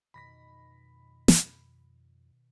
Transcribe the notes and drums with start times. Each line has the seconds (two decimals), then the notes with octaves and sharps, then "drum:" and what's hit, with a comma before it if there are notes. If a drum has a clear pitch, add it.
0.14 F2 B2 D#3 B5 A#6 B6
1.28 drum: snare